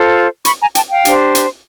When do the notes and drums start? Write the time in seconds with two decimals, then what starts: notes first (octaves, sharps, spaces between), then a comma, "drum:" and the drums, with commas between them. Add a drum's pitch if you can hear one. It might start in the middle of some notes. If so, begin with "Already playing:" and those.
Already playing: F4 A4 C5
0.45 B5 C#6, drum: hi-hat
0.60 G#5 A#5
0.75 G5 A5, drum: hi-hat
0.90 F5 G5
1.05 D4 G4 C5, drum: hi-hat
1.35 drum: hi-hat